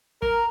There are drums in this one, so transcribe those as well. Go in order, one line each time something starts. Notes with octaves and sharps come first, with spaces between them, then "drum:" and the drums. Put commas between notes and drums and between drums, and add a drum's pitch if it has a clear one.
A#4, drum: kick